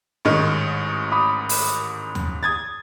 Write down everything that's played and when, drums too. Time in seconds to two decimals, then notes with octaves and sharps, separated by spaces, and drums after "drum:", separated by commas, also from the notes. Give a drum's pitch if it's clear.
0.25 A1 G#2 D#3 D#5 C#6
1.12 B5 D6 D#6
1.49 drum: open hi-hat
2.15 drum: tom D#2
2.43 D#6 G#6 A6